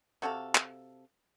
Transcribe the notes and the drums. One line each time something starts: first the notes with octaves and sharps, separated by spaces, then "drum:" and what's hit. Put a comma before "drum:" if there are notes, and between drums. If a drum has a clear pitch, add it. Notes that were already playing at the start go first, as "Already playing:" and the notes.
C3 F#4 A4 F5
drum: clap